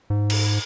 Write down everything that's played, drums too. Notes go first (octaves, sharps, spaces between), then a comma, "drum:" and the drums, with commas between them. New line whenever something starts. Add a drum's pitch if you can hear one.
G#2
drum: cymbal